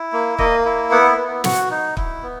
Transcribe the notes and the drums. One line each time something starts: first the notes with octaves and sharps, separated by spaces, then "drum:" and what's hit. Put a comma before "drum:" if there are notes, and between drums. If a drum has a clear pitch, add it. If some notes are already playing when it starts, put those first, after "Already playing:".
Already playing: E4
A#3
A#3 D#5, drum: kick
E4
B3 F#5
B3
F#4 F#5, drum: snare
D#4
E4, drum: kick
B3